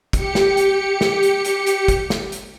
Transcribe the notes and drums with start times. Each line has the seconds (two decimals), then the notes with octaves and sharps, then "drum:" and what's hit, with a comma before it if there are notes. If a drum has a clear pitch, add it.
0.13 G4 C#7, drum: kick, hi-hat
0.35 drum: snare
0.57 drum: hi-hat
1.01 drum: snare
1.23 drum: hi-hat
1.45 drum: hi-hat
1.67 drum: hi-hat
1.88 drum: kick, hi-hat
2.10 drum: snare
2.32 drum: hi-hat